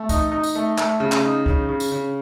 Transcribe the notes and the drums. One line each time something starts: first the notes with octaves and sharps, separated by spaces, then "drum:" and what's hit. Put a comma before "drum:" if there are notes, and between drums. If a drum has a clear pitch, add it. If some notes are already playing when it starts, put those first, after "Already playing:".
Already playing: A3
D#4, drum: kick, tambourine
D#4
drum: tambourine
A3
A3, drum: clap
C#3
drum: clap
D#4
C#3, drum: kick
C#3
drum: tambourine
C#3